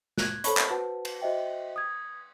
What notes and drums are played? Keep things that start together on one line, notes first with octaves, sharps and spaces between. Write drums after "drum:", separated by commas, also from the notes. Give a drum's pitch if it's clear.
F#6 G#6, drum: snare
A4 C5 C#5 A5 B5 C#6, drum: hi-hat
drum: clap
F#4 B4 C5 F#5 A5
drum: cymbal
F#4 C5 D#5 E5 G5
D#6 G#6